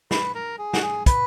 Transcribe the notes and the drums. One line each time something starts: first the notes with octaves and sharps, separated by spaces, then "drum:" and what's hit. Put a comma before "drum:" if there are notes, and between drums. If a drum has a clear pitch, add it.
B4, drum: snare
A#4
G#4
F#4, drum: snare
G#4
B4, drum: kick, hi-hat